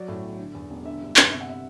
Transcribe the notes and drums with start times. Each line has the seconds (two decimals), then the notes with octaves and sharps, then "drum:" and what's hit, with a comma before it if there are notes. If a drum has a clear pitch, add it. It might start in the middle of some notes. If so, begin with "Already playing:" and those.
Already playing: F#3 D5
0.08 A2
0.24 B1
0.39 D3
0.55 E2
0.70 E1
0.85 D3 E5
1.01 G2
1.16 G1, drum: clap
1.32 C3 E5
1.41 F#5
1.49 E5